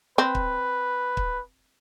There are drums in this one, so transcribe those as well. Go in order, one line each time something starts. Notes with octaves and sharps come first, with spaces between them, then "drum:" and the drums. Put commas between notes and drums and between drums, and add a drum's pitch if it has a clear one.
C4 B4
drum: kick
drum: kick